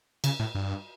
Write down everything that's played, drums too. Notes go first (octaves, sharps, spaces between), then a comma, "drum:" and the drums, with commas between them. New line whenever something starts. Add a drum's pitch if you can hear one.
C#3, drum: cymbal
A2
G2